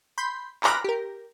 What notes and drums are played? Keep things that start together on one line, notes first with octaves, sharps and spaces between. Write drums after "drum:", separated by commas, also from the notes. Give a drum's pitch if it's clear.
B5 C6 G6
A#5 B5 D6 F6 F#6 A#6, drum: clap
G4 A#4